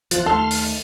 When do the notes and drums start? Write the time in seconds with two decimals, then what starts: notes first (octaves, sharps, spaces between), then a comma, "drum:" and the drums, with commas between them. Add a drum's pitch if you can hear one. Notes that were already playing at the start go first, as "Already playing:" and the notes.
0.11 F#1 E2 F3 F4 F#6, drum: hi-hat
0.26 D#2 A3 A4 C6 F6
0.51 drum: open hi-hat